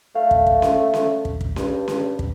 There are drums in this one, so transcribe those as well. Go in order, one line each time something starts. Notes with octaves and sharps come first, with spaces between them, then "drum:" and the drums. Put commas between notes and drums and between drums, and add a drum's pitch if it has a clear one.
A3 F5
drum: kick
drum: kick
drum: snare C#4
drum: snare C#4
drum: kick
drum: kick
G2, drum: snare C#4
drum: snare C#4
drum: kick